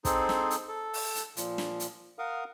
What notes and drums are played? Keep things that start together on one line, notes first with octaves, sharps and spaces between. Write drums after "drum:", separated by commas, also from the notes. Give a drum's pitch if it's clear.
C4 D#4 G#4 A4 C5, drum: kick, hi-hat
drum: snare
drum: hi-hat
A4
drum: open hi-hat
drum: hi-hat
A#2 F3, drum: hi-hat
drum: snare
drum: hi-hat
A#4 F5 F#5 D#6